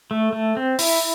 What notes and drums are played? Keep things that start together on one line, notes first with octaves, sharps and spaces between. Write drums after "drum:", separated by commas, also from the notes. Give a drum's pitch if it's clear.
A3
A3
C4
E4, drum: open hi-hat